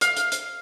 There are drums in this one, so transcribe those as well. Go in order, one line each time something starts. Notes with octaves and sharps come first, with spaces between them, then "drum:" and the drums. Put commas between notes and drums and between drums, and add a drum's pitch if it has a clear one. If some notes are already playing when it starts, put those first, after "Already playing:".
F5, drum: hi-hat
drum: hi-hat
drum: hi-hat